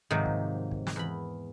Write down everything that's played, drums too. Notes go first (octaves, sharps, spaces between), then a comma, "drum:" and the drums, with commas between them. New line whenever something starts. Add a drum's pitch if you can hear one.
G#2 C3 D#3 F3 F#3 A#3
drum: kick
drum: kick
drum: snare
E2 B5